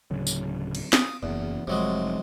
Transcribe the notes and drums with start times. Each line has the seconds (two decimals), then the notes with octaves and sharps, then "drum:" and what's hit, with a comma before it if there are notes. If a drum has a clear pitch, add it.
0.11 D1 C#3 F#3
0.27 drum: tambourine
0.75 drum: cymbal
0.93 F5 D#6, drum: snare
1.23 F#1 E2
1.67 F1 F2 C3 F#3 G#3